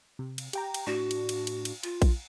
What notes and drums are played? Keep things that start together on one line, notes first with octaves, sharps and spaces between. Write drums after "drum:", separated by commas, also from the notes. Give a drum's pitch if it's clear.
C3
drum: cymbal
G4 G5 A#5, drum: cymbal
drum: cymbal
A2 D4 F#4
drum: cymbal
drum: cymbal
drum: cymbal
drum: cymbal
F4, drum: cymbal
drum: kick A#1, cymbal